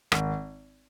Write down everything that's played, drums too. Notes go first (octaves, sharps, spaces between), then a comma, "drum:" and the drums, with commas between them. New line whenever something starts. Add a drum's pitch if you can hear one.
G#1, drum: rim click